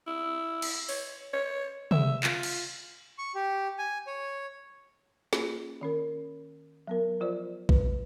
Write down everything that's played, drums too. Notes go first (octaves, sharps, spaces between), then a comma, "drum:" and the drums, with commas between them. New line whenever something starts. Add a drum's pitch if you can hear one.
E4
drum: cymbal
C#5, drum: open hi-hat
C#5
E5, drum: tom
F4, drum: clap
drum: cymbal
C#6
G4
G#5
C#5
A#3 C#4 F4 G#4, drum: snare
D#3 C#4 A#4
F#3 B3 A#4
F3 F4 C5 D5
B4, drum: kick A#1